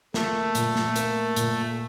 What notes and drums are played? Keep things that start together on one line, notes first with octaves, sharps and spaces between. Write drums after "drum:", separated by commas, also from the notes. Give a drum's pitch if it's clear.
A3 A#3, drum: snare
A#2, drum: hi-hat
drum: snare
A#3, drum: hi-hat
A#2, drum: hi-hat